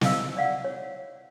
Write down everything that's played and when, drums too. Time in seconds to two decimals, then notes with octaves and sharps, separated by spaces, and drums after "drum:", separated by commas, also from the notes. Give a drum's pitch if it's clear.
0.01 E4 D#5 F5 E6, drum: snare
0.37 D5 F5 F#5
0.64 C#5